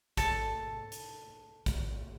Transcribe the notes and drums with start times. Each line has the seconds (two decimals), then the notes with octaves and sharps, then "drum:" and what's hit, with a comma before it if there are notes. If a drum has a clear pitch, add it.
0.17 A4 A5, drum: kick, hi-hat
0.92 drum: hi-hat
1.66 drum: kick, hi-hat